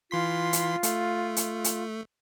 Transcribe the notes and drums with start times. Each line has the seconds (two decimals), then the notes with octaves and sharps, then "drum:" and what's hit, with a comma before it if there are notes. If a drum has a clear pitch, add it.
0.11 E3 F4 C6 B6
0.53 drum: hi-hat
0.83 A3, drum: hi-hat
1.36 drum: hi-hat
1.64 drum: hi-hat